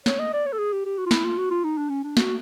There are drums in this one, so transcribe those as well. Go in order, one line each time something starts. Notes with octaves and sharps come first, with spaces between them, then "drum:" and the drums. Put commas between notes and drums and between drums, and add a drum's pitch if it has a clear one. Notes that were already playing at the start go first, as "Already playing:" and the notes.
C#5, drum: snare
D#5
D5
C#5
A4
G#4
G4
G4
F#4
F4
E4, drum: snare
F4
F#4
F4
D#4
D4
C#4
D4
F#4, drum: snare